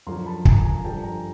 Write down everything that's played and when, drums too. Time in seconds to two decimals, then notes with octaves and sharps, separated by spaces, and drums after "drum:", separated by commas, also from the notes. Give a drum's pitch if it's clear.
0.07 F#2 D3 F3 A#5 C6
0.26 A5 B5
0.45 G#5 A#5, drum: kick
0.64 G#5 A#5
0.84 G2 D3 F3 G5 A5
1.03 G#5 A#5